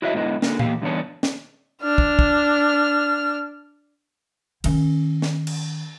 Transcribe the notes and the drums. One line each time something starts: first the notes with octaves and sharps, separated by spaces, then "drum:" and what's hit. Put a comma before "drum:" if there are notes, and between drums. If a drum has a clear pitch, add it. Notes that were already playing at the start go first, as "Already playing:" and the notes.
E4 F#4 B4 C#5 D#5 E5
G#2 D3 B3 E4 C5 D#5
D3 A#3, drum: snare
E2 A#3 G4 F5, drum: tom A#2
G2 D3 E3 B3 C#5 A5
drum: snare
D4 F6
drum: kick
drum: kick
D#3 C#4, drum: cymbal
drum: snare
drum: cymbal